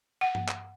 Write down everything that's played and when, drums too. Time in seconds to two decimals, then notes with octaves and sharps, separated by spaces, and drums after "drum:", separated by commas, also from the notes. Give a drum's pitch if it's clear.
0.21 F#5
0.35 drum: tom G2
0.48 drum: clap